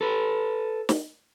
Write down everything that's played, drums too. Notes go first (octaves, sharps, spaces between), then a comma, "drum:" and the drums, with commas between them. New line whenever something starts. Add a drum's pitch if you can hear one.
A4 B4
drum: snare